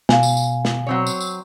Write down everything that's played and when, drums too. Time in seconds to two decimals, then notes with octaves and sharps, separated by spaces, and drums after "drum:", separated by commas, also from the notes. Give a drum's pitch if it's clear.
0.09 B2 F5 G#5, drum: snare
0.23 drum: tambourine
0.37 drum: tambourine
0.65 drum: snare
0.87 F#3 C4 C#5
1.07 drum: tambourine
1.20 drum: tambourine